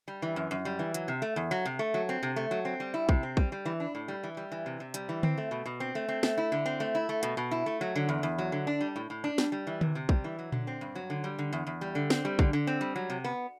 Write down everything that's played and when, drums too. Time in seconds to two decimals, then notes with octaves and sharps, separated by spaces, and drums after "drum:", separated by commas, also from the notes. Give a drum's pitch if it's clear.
0.08 G3
0.22 E3
0.36 F#2
0.51 F#2
0.65 G3
0.79 E3
0.94 F#3, drum: hi-hat
1.08 C3
1.22 A3
1.36 E2
1.51 F#3
1.65 C3
1.79 A3
1.94 F#3
2.09 C4
2.23 C3
2.36 A3
2.51 F#3
2.65 C4
2.80 G3
2.94 E4
3.09 C3, drum: kick
3.23 C4
3.37 G3, drum: kick
3.52 G3
3.65 E3
3.80 D4
3.95 A2
4.08 G3
4.23 E3
4.37 G3
4.52 E3
4.66 C3
4.80 C3
4.94 G3, drum: hi-hat
5.09 E3
5.23 C4, drum: tom D3
5.37 A3
5.51 B2
5.66 B2
5.80 C4
5.95 A3
6.09 C4
6.23 A3, drum: snare
6.38 E4
6.52 D3
6.66 C4
6.80 A3
6.95 E4
7.09 A3
7.23 B2, drum: hi-hat
7.37 B2
7.51 E4
7.66 A3
7.81 F#3
7.96 D3
8.09 E2
8.23 E2
8.38 F#3
8.52 D3
8.67 D4
8.81 G3
8.96 A2
9.10 A2
9.24 D4
9.38 G3, drum: snare
9.52 G3
9.67 E3
9.81 C3, drum: tom D3
9.95 C3
10.09 G3, drum: kick
10.24 E3
10.39 F#3
10.52 D3, drum: tom A#2
10.67 C4
10.81 G2
10.95 F#3
11.10 D3
11.24 G3
11.39 D3
11.53 E2
11.67 E2
11.81 G3
11.95 D3
12.10 C4, drum: snare
12.25 G3
12.39 D3, drum: kick
12.53 D3
12.67 C4
12.81 G3
12.96 F#3
13.10 C3
13.24 B3